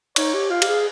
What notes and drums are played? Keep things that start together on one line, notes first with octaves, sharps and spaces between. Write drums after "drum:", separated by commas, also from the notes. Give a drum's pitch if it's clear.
D#4 C#5, drum: cymbal
G4
F4 F5
G4, drum: cymbal
G#4